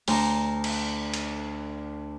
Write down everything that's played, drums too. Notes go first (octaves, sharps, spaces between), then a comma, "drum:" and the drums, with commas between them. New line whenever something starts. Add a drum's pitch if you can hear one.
D2 A#5, drum: open hi-hat
drum: cymbal
drum: cymbal